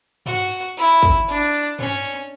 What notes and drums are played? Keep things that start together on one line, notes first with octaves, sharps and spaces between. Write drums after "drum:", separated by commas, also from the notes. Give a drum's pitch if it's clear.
F#4, drum: tom G2
drum: hi-hat
E4, drum: hi-hat
drum: kick, hi-hat
D4, drum: hi-hat
drum: open hi-hat
C#4, drum: tom G2
drum: hi-hat